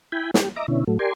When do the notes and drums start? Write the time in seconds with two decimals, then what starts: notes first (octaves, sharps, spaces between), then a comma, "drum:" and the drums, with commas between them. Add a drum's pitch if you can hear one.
0.12 E4 G5 G#5 B5
0.34 G4, drum: snare
0.56 D#5 E5 A#5 D6
0.68 B2 D3 C#4 E4
0.87 A2 F#3 A3
0.99 G4 A#4 D5 G#5 C6